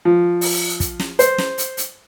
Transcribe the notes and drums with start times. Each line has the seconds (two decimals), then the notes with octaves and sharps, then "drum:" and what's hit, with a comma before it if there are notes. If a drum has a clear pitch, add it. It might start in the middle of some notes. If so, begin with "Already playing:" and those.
0.05 F3
0.41 drum: open hi-hat
0.80 drum: kick, hi-hat
0.99 drum: snare
1.19 C5, drum: hi-hat
1.38 drum: snare
1.58 drum: hi-hat
1.77 drum: hi-hat